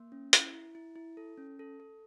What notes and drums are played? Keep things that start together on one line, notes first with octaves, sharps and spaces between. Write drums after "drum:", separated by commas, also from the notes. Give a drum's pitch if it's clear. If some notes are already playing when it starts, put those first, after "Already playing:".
Already playing: A#3
C#4
E4, drum: hi-hat
E4
E4
E4
A4
C#4
A4
A4